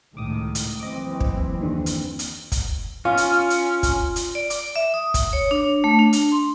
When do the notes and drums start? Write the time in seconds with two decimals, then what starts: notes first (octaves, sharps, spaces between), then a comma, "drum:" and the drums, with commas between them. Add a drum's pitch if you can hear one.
0.17 C#2 A2 D#3 D6 D#6
0.55 drum: hi-hat
0.80 F#1 E3 C4 D#5 D6
1.21 drum: kick
1.61 D#2 D3
1.86 drum: hi-hat
2.19 drum: hi-hat
2.52 drum: kick, hi-hat
3.05 C#4 F4
3.17 drum: hi-hat
3.50 drum: hi-hat
3.83 drum: kick, hi-hat
4.16 drum: hi-hat
4.35 D5
4.50 D6, drum: hi-hat
4.76 E5
4.94 D#6
5.14 D#6, drum: kick, hi-hat
5.33 C#5
5.51 D4
5.84 A3
5.99 D4
6.13 drum: hi-hat
6.32 C6